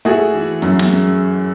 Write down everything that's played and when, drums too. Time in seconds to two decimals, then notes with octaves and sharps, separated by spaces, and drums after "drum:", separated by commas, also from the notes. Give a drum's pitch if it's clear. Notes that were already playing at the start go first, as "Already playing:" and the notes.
0.05 A3 F#4 G#4
0.34 E3
0.62 F#2, drum: hi-hat
0.79 drum: snare